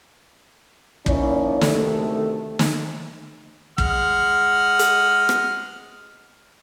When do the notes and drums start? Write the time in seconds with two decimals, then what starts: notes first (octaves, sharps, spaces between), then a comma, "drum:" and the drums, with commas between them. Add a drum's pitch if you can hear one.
1.06 F3 A#3 C#4 D#4 E4 D5, drum: kick
1.61 D2 C3 D#3 A3 A4, drum: snare
2.59 drum: snare
3.78 G#3 F#5 F6, drum: kick
4.79 drum: hi-hat
5.29 drum: rim click